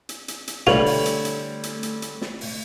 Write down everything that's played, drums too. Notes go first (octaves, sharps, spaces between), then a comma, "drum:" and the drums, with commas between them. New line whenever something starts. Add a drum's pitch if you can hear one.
drum: hi-hat
drum: hi-hat
drum: hi-hat
D3 G3 A3 F4 B4 C#5 D5 F#7, drum: snare
drum: open hi-hat
drum: hi-hat
drum: hi-hat
drum: hi-hat
drum: hi-hat
drum: hi-hat
drum: snare
drum: open hi-hat